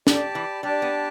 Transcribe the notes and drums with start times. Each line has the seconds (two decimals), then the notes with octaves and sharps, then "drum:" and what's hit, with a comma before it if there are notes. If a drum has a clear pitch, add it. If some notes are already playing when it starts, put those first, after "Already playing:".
0.07 G3 G4 D5 A5, drum: snare
0.35 E3
0.63 G3 D4 G4 D5 A5
0.82 B3